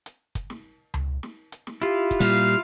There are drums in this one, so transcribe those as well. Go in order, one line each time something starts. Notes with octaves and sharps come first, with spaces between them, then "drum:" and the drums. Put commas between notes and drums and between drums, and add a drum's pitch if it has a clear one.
drum: hi-hat
drum: kick G1, hi-hat
drum: snare
drum: tom C#2
drum: snare
drum: hi-hat
drum: snare
E4 F4 G4, drum: hi-hat
drum: kick G1, hi-hat
A#2 G3 F5